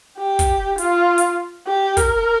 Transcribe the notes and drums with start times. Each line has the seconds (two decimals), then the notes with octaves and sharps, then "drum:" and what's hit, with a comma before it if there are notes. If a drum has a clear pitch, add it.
0.19 G4
0.39 drum: kick, hi-hat
0.78 F4, drum: hi-hat
1.18 drum: hi-hat
1.67 G4
1.97 A#4, drum: kick, hi-hat